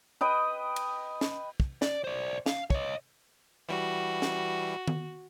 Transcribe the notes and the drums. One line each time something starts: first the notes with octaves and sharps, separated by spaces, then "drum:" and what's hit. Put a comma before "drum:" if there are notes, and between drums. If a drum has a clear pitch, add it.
B4 D#5 G5 B5
drum: cymbal
drum: snare
drum: kick
D5, drum: snare
C5 D5
F5, drum: snare
C#5 D#5, drum: kick
E3 G3 F#4
drum: snare
drum: tom D#3